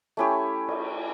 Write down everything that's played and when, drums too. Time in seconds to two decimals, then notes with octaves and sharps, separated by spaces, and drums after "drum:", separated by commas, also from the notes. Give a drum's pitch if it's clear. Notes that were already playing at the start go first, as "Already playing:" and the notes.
0.17 A3 C#4 E4 G4
0.69 drum: cymbal